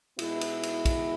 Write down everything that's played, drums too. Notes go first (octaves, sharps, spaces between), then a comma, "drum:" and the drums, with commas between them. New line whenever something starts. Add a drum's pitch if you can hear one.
B2 G#3 B3 E4, drum: cymbal
drum: cymbal
drum: cymbal
drum: kick, cymbal